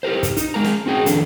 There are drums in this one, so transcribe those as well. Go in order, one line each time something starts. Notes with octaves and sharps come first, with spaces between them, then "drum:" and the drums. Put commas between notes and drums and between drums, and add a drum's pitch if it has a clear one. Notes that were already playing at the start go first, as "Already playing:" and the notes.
G4 G#4 A#4 C5
drum: kick, hi-hat
D#4, drum: hi-hat
G#3 A#4 A#5
drum: snare
C4 D#4 F#4 G#4 G5
F2 D#3 D4 A4, drum: hi-hat